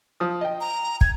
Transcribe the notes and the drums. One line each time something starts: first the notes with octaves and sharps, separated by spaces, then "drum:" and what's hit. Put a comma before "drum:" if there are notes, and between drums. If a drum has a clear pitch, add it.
F3 D#6
D#5 G5
A#5
G#6, drum: kick